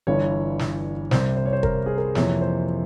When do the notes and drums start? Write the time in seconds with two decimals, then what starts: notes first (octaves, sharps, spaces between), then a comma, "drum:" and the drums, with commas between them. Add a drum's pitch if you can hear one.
0.07 G1 G2 E3 C#5
0.59 drum: snare
1.11 C2 C3 G3 C5, drum: snare
1.37 C5
1.46 C#5
1.53 C5
1.63 A#4, drum: kick
1.86 G#4
1.98 A#4
2.15 F2 C3 E3 A#3 C#5, drum: snare
2.42 C5